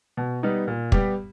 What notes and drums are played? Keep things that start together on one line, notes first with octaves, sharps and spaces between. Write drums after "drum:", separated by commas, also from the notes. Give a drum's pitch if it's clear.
B2
G3 B3 D#4
A#2
G3 B3 G4, drum: kick